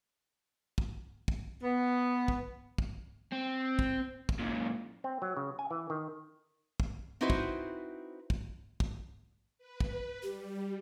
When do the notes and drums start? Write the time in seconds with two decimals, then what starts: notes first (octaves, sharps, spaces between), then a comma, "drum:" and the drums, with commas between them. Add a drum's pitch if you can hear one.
0.78 drum: kick
1.28 drum: kick
1.63 B3
2.28 drum: kick
2.78 drum: kick
3.32 C4
3.79 drum: kick
4.29 drum: kick
4.39 F#2 A#2
5.04 C4
5.22 F#3
5.37 C#3
5.59 G#5
5.71 E3
5.90 D#3
6.80 drum: kick
7.21 C4 D#4 E4 F#4 B4 C5
7.30 drum: kick
8.30 drum: kick
8.80 drum: kick
9.58 B4
9.80 drum: kick
10.23 G3 G4